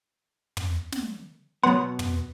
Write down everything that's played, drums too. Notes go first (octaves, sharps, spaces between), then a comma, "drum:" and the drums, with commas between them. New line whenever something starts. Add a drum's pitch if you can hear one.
drum: tom
drum: snare
B2 F#3 B3 F#5 C6
drum: tom